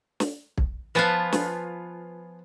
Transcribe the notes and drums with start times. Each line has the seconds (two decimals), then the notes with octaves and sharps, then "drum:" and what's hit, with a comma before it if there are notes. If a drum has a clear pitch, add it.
0.20 drum: snare
0.58 drum: kick
0.95 F3 B3 F4 B4 G#5 A5
1.33 drum: snare